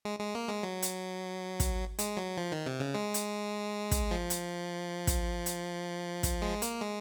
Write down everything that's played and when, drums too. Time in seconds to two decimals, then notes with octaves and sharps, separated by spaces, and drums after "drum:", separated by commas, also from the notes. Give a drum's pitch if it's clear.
0.05 G#3
0.19 G#3
0.35 A#3
0.48 G#3
0.63 F#3
0.82 drum: hi-hat
1.60 drum: kick, hi-hat
1.99 G#3, drum: hi-hat
2.17 F#3
2.37 F3
2.52 D#3
2.66 C3
2.80 C#3
2.94 G#3
3.14 drum: hi-hat
3.91 drum: kick, hi-hat
4.11 F3
4.30 drum: hi-hat
5.07 drum: kick, hi-hat
5.46 drum: hi-hat
6.23 drum: kick, hi-hat
6.42 G#3
6.62 A#3, drum: hi-hat
6.81 G#3